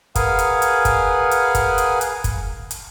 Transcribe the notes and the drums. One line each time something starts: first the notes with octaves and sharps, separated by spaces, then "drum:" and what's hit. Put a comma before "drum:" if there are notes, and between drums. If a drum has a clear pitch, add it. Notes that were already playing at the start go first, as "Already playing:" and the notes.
G#4 A#4 B4 F5 F#5 G#5, drum: kick, hi-hat
drum: hi-hat
drum: hi-hat
drum: kick, hi-hat
drum: hi-hat
drum: kick, hi-hat
drum: hi-hat
drum: hi-hat
drum: kick, hi-hat
drum: hi-hat